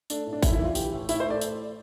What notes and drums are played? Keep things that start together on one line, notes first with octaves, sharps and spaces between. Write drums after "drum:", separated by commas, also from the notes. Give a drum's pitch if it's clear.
A3 D4, drum: tambourine
A2
D4
A2 E4, drum: kick G#1, tambourine
E4
E3
F4
E3 G4, drum: tambourine
A2
A2 E4, drum: tambourine
C5
A3 D5
drum: tambourine